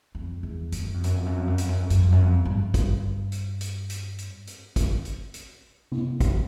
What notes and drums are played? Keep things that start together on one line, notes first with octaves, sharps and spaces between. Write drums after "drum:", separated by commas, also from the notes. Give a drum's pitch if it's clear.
F2
E2
F2, drum: hi-hat
F#2
F2
F#2, drum: hi-hat
F2
F#2
F2
F#2
F2, drum: hi-hat
F#2
F2
F#2, drum: hi-hat
F2
F#2
F2
G2, drum: tom A2
drum: kick, hi-hat
drum: hi-hat
drum: hi-hat
drum: hi-hat
drum: hi-hat
drum: hi-hat
drum: kick, hi-hat
drum: hi-hat
drum: hi-hat
drum: tom C3
drum: kick, hi-hat